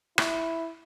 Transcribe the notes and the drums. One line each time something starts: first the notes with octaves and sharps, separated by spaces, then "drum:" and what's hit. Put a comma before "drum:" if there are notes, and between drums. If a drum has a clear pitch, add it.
E4, drum: rim click